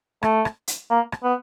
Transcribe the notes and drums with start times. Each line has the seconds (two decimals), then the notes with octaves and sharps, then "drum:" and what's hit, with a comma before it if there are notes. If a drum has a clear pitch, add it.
0.23 A3, drum: rim click
0.45 drum: rim click
0.68 drum: hi-hat
0.90 A#3
1.12 drum: rim click
1.24 B3